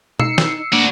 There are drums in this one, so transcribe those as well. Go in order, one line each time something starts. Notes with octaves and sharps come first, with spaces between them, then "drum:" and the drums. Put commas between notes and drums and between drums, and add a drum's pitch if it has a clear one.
D#4 E6 C7 C#7, drum: tom
drum: snare
A#3 C4 D4 F#4 D5